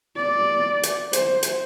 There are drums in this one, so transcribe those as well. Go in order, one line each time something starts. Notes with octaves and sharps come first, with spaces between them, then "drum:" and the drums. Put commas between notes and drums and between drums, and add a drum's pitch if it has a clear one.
D5
drum: hi-hat
C5, drum: hi-hat
drum: hi-hat